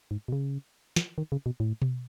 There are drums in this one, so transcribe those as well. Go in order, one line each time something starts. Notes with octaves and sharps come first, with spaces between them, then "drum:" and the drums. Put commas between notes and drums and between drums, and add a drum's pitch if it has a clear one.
G#2
B2
C#3
drum: snare
D#3
C#3
B2
A2
drum: tom B2